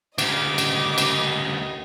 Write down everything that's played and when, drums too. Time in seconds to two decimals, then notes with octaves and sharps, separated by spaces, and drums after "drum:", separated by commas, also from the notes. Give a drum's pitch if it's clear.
0.18 D2 C#3 D#5 D6, drum: cymbal
0.58 drum: cymbal
0.98 drum: cymbal